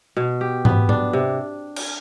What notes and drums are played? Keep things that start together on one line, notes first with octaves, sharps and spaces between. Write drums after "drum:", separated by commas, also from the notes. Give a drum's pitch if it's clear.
B2
G4
B3, drum: tom G#2
D4, drum: tom A2
C3
drum: cymbal